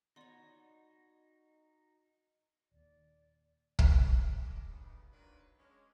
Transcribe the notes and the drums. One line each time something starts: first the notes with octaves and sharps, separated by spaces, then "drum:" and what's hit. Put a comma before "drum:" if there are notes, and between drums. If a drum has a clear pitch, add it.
B3 D#4 F#4 C#5 D5 C6
D#1 D#2 D5
A2 F3 G#4 A#4 G#5, drum: kick
G#3 A3 F4 G4 A4 D#5
C#3 G3 B3 D4 D#4
D#3 F#3 A#3 D4 F4 B4
G#3 C#4 D4